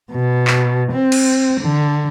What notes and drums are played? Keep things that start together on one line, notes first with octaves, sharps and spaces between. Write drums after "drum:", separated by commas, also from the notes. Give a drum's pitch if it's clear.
B2
drum: clap
C4
drum: cymbal
D3